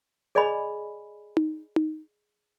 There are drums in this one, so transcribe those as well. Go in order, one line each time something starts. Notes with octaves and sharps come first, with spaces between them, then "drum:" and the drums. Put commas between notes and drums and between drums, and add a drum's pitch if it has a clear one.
G#4 D5 D#5 G#5 B5
drum: tom D#4
drum: tom D#4